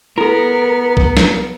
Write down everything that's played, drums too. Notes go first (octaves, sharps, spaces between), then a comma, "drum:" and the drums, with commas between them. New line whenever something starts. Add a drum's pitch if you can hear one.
B3 E4 A4 A#4
drum: kick B1
drum: snare